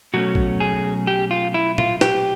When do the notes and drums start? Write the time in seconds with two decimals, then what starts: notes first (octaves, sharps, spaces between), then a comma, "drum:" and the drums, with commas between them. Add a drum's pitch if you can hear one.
0.14 B2 F#3 A3 C#4 F#4
0.35 drum: kick A#1
0.60 G#4
1.07 G4
1.31 F4
1.54 E4
1.78 F4, drum: tom
2.01 G4, drum: snare